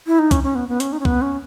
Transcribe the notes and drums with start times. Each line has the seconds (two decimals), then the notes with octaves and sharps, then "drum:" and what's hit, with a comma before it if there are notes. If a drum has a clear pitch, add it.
0.07 E4
0.19 D#4
0.31 C#4, drum: kick C2, hi-hat
0.43 C#4
0.55 B3
0.69 B3
0.80 C#4, drum: hi-hat
0.93 D#4
1.00 C#4
1.05 B3, drum: kick C2
1.22 C#4